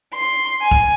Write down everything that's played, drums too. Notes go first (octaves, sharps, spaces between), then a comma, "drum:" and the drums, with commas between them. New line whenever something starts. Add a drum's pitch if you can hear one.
C6
G#5
drum: kick C2